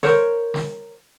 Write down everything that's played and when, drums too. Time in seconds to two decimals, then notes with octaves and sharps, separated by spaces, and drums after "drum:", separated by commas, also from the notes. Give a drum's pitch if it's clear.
0.03 A#4 C5 C#5, drum: snare
0.54 drum: snare